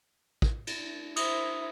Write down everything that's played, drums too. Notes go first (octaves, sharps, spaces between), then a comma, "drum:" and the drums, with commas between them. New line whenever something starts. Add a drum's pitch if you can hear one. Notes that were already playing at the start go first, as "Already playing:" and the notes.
drum: kick
drum: cymbal
E4 C5 D#6, drum: cymbal